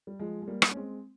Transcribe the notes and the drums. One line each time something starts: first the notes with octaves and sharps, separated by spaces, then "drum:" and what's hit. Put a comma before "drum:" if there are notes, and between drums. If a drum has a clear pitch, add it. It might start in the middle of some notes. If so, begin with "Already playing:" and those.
G3
F3 G#3
G#3
G3 A#3
drum: rim click
C#4
G#3 C4